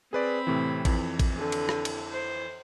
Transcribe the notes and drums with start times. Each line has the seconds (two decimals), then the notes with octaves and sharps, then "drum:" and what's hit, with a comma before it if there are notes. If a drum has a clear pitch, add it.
0.13 C4 G#4 B4 D5 B5
0.47 A2 C3 E3
0.85 F2 E3, drum: kick A1, cymbal
1.19 drum: kick A1, cymbal
1.36 D3
1.52 drum: cymbal
1.69 drum: rim click
1.85 drum: cymbal
2.10 C5